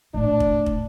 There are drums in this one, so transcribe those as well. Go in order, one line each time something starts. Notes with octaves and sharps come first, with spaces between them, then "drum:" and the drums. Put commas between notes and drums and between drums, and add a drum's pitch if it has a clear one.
A2 D4
drum: kick
drum: kick